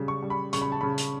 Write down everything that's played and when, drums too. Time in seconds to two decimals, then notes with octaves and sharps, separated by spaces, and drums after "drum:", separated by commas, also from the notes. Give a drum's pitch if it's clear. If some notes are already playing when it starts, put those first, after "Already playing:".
Already playing: C#3 G3
0.08 C#6
0.22 G3
0.30 B5
0.53 C#3 C#6, drum: hi-hat
0.62 B5
0.72 A5
0.81 C#3 B5
0.98 drum: hi-hat